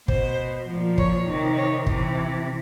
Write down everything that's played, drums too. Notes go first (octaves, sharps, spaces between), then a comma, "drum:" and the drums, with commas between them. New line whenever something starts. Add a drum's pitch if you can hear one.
B2 C5, drum: kick
A#2 F3
C#5, drum: kick
C3 D#3
C#5
C3 E3, drum: kick